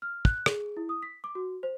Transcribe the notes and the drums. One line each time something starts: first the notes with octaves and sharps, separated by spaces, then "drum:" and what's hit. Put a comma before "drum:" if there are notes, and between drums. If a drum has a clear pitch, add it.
F6
F#6, drum: kick
G#4, drum: rim click
E4
D#6
B6
D6
F#4
C5